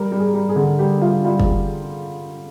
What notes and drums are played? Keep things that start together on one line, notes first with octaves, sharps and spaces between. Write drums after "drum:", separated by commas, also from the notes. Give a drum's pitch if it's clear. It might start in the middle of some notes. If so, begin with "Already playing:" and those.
Already playing: G3 A#4
G3
G#4
G3
G#4
D3
G3 G4
G3 F4
G3 F4
drum: kick